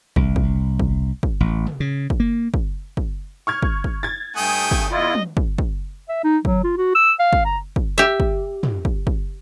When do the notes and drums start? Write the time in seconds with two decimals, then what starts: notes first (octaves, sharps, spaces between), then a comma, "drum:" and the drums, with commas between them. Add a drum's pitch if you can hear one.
0.16 C2, drum: kick
0.36 drum: kick
0.79 drum: kick
1.23 drum: kick
1.40 A1
1.67 drum: tom
1.80 C#3
2.10 drum: kick
2.20 A#3
2.54 drum: kick
2.97 drum: kick
3.47 C#6 F6 G#6
3.63 drum: kick
3.84 drum: kick
4.03 G#6 A6
4.36 G2 A3 G5 G#5 D#6
4.71 drum: kick
4.91 E2 E4 F4 D#5
5.15 drum: tom
5.37 drum: kick
5.58 drum: kick
6.09 E5
6.24 D#4
6.45 F#3, drum: kick
6.64 F4
6.77 F#4
6.95 E6
7.20 F5
7.33 drum: kick
7.45 A#5
7.76 drum: kick
7.98 G4 E5
8.20 drum: kick
8.63 drum: tom
8.85 drum: kick
9.07 drum: kick